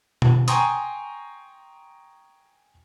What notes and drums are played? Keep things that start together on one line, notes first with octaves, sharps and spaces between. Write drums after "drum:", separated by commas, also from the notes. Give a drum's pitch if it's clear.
drum: tom B2
G5 G#5 A#5 C6 C#6 D#6, drum: hi-hat